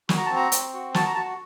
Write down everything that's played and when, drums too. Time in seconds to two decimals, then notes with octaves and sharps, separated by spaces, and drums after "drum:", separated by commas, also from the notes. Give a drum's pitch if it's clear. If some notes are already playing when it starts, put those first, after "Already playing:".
0.09 F#4, drum: snare
0.18 A#5
0.26 A5
0.30 C4
0.36 A#5
0.52 C4, drum: hi-hat
0.74 F#4
0.94 F#4 A5, drum: snare
1.06 A#5
1.15 F#4 A5